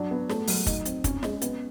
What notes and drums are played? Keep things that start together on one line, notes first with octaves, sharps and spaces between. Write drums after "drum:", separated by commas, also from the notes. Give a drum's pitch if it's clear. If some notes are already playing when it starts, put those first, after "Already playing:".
Already playing: F#3 D4
B3
A3, drum: snare
F#3, drum: open hi-hat
D#4, drum: kick, hi-hat
C4, drum: hi-hat
C#4, drum: kick, hi-hat
G#3, drum: snare
B3, drum: hi-hat